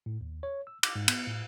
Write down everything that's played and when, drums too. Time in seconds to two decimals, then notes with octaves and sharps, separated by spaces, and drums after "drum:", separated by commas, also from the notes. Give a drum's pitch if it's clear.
0.06 A2
0.21 D#2
0.43 C#5
0.67 E6
0.83 D6, drum: cymbal
0.96 G#2
1.08 B3, drum: cymbal
1.28 A2